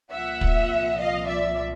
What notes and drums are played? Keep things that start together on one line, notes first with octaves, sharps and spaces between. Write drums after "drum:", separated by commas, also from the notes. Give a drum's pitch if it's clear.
C2 A#2 F3 E5 F#5
drum: kick
D#5 F5
D5 E5